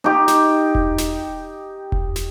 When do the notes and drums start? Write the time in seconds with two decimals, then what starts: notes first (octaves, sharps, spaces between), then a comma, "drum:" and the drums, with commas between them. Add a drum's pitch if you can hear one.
0.04 D#4 G4
0.28 drum: snare
0.75 drum: kick E1
0.98 drum: snare
1.92 drum: kick E1
2.16 drum: snare